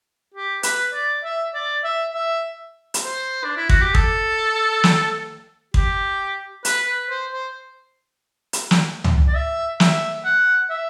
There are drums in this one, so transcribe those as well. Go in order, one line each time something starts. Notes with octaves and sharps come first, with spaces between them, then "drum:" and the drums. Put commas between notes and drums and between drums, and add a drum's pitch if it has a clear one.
G4
B4, drum: hi-hat
D5
E5
D5
E5
E5
drum: hi-hat
C5
D4
E4
F#4, drum: kick
G4
A4, drum: kick
drum: snare
G4, drum: kick
B4, drum: hi-hat
B4
C5
C5
drum: hi-hat
drum: snare
drum: tom C#2
D5
E5
E5, drum: snare
F#5
E5